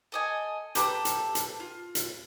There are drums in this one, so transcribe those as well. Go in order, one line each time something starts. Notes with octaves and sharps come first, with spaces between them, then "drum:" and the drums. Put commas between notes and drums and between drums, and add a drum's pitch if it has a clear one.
A4 D#5 G#5
G4 A4 B4 A#5, drum: hi-hat
drum: hi-hat
drum: hi-hat
F4
drum: hi-hat